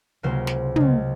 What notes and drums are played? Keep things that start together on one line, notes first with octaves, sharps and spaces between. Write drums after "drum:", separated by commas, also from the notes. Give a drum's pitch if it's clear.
C#2 C3 F#3 A#3 C5
drum: snare
C#2 C#3 G#3, drum: tom